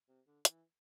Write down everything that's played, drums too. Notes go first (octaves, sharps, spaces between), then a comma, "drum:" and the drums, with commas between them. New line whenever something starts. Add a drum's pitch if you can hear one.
C3
D3
E3, drum: hi-hat